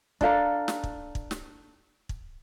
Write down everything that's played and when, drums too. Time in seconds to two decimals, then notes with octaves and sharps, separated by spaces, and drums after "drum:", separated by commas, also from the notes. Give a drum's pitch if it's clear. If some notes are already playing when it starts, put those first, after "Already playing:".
0.21 D4 A4 F5 A#5, drum: kick
0.68 drum: snare
0.84 drum: kick
1.15 drum: kick
1.31 drum: snare
2.09 drum: kick